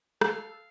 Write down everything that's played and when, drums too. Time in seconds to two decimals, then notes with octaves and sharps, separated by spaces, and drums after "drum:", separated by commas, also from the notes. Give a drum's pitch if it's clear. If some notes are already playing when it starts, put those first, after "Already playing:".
0.21 A4 F5, drum: rim click